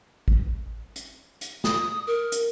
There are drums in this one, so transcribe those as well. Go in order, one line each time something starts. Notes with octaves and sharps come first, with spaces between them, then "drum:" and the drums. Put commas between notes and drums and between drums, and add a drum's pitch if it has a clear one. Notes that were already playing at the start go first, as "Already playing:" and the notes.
drum: kick G#1
drum: hi-hat
drum: hi-hat
D#6, drum: snare
A#4
drum: hi-hat